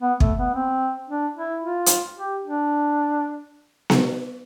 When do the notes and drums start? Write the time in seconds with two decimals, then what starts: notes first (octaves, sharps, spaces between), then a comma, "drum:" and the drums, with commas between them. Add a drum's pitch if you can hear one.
0.01 B3
0.20 A3, drum: kick
0.38 B3
0.55 C4
1.09 D4
1.36 E4
1.63 F4
1.86 drum: hi-hat
2.17 G4
2.44 D4
3.90 drum: snare B3